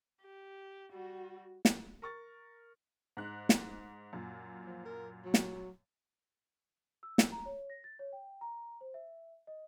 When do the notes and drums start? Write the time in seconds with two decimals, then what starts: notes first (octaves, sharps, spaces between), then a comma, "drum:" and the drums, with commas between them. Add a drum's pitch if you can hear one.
0.22 G4
0.93 G3 F#4
1.65 drum: snare
2.02 A#4 C#6 A6
3.17 G#2 F#6
3.49 drum: snare
4.13 F#2 A#2
4.66 F3
4.85 A#4
5.25 F#3
5.34 drum: snare
7.03 E6
7.18 drum: snare
7.32 A#5
7.46 C#5
7.70 A#6
7.84 A6
7.99 C#5
8.13 G5
8.41 A#5
8.81 C5
8.94 E5
9.47 D#5